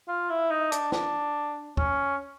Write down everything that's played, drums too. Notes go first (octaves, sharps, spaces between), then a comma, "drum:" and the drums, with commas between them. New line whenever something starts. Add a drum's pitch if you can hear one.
F4
E4
D#4
D4, drum: hi-hat
D4, drum: snare
C#4, drum: kick D2